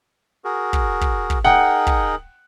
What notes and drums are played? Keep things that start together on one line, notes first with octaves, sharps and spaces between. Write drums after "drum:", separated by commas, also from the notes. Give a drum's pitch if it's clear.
F#4 G#4 A#4
drum: kick
drum: kick
drum: kick
D#4 G#4 A#4 F#5 G5
drum: kick